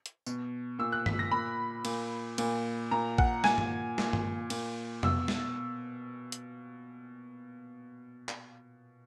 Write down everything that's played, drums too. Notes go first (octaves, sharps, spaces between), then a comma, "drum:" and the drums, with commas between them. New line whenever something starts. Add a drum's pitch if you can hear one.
drum: hi-hat
B2, drum: tambourine
A#2 E6
F#6
B6, drum: tom
A#6
A#2 B5
A#2, drum: cymbal
A#2, drum: cymbal
A#2 A#5
F#5, drum: kick A1
A#2 G#5, drum: snare
drum: tom
A#2, drum: snare
drum: tom
A#2, drum: cymbal
B2 E6, drum: tom F2
drum: snare
drum: hi-hat
drum: clap